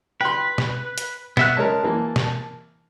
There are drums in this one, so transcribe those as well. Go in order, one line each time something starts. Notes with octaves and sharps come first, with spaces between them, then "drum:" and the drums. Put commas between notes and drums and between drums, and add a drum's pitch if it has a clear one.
B4 G5 C6
drum: snare
drum: hi-hat
B3 E5 F#6, drum: snare
G#3 C#4 A#4 A5
E3 A#3
drum: snare